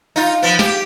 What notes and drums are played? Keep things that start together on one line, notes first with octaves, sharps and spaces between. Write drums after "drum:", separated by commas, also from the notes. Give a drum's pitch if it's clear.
D#4 F4
F3 B3
G4, drum: snare